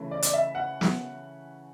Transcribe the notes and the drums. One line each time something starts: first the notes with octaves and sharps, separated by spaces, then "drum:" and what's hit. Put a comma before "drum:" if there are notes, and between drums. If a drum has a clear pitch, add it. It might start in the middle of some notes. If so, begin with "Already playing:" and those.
Already playing: C#3 E3 A3
D5
D5, drum: hi-hat
E5
F#5
drum: snare